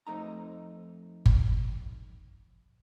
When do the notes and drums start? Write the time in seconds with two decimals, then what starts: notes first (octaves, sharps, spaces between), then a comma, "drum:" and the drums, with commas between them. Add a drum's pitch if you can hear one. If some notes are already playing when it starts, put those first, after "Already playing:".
0.07 F2 A3 D#4 A#5
1.26 drum: kick G1